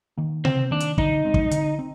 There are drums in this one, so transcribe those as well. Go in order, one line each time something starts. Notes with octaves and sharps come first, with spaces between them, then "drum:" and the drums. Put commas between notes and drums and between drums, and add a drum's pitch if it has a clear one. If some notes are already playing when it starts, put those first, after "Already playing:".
D#3 A#3
C3 C4, drum: tom C3
D#3 A#3 D4
drum: hi-hat
D3 D#4, drum: kick
G#3 C4
drum: kick
D3, drum: hi-hat
C4